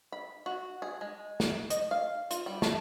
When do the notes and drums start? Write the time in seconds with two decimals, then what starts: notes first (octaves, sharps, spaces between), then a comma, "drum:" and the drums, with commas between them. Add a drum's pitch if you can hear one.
0.12 B5
0.46 F#4
0.82 G#4
1.01 G#3
1.40 drum: snare
1.70 D#5, drum: hi-hat
1.91 F5
2.31 F4, drum: hi-hat
2.46 G3
2.62 A3, drum: snare